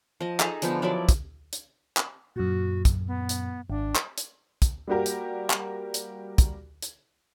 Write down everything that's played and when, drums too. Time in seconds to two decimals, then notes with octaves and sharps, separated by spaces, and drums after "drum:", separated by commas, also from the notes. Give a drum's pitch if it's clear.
0.21 F3 D#5
0.40 D#4 G#4 A4 A#5, drum: clap
0.62 D3 F3 B3 D#4, drum: hi-hat
0.82 F3 F#3 E4 D5
1.09 drum: kick, hi-hat
1.53 drum: hi-hat
1.97 drum: clap
2.36 F#2 A#2 F#4
2.85 drum: kick, hi-hat
3.07 B3
3.29 drum: hi-hat
3.70 G#1 D4
3.96 drum: clap
4.18 drum: hi-hat
4.62 drum: kick, hi-hat
4.88 G3 A#3 F#4 G4 A#4
5.06 drum: hi-hat
5.50 drum: clap
5.94 drum: hi-hat
6.38 drum: kick, hi-hat
6.82 drum: hi-hat